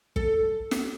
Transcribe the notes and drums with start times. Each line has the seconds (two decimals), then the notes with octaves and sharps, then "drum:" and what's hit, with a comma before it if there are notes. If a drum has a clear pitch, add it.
0.16 A4, drum: kick
0.71 drum: snare